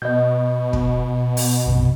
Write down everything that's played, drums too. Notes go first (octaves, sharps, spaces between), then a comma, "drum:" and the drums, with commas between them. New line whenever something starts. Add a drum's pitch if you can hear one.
B2 D#5 G6
drum: kick
drum: open hi-hat
A#1 F#2 C3